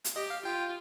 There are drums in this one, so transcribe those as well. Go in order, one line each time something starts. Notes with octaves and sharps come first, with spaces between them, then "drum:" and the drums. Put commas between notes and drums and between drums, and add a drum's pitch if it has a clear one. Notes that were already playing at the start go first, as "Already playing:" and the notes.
drum: hi-hat
G4 D#5
F5
F4 G5